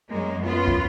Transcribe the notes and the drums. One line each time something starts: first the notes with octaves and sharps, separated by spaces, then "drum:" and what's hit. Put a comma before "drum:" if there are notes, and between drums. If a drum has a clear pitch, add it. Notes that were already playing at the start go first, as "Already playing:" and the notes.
F#2 G#3 A#3
F#2 B3 F4
drum: kick